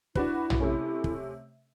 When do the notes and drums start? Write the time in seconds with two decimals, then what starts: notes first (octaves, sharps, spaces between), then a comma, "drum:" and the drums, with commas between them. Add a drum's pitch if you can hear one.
0.15 D4 E4 F#4 B4, drum: kick
0.50 drum: tom
0.60 C3 A3 C#4
1.04 drum: kick